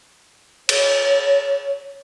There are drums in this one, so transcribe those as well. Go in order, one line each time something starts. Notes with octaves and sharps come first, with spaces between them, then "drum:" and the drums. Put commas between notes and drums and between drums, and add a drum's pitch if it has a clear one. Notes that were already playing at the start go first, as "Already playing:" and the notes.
C#5, drum: cymbal